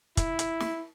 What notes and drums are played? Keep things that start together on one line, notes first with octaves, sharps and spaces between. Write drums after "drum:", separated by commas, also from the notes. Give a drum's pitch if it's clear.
E4, drum: kick, hi-hat
drum: hi-hat
drum: snare